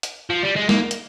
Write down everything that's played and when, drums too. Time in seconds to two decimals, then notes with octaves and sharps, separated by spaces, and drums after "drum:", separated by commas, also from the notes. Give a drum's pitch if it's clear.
0.03 drum: hi-hat
0.30 F3
0.43 G3
0.56 G#3
0.69 A#3, drum: snare
0.91 drum: hi-hat